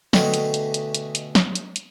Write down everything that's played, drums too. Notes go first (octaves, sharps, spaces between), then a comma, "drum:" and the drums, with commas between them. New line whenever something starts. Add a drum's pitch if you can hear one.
B2 D3 A3 D#4 G4 G#4, drum: snare
drum: hi-hat
drum: hi-hat
drum: hi-hat
drum: hi-hat
drum: hi-hat
drum: snare
drum: hi-hat
drum: hi-hat